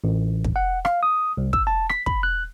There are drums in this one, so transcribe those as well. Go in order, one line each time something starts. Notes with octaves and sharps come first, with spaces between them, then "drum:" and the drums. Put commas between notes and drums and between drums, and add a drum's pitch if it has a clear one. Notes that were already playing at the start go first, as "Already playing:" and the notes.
A1
drum: kick
F#5
F5, drum: rim click
D#6
C2
E6, drum: kick
A5
B6, drum: rim click
B5, drum: kick
F#6